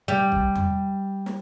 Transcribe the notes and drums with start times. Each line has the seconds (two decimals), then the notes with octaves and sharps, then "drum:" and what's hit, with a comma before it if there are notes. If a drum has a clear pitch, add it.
0.08 G3
0.32 drum: kick
0.55 drum: tom E2
1.26 drum: snare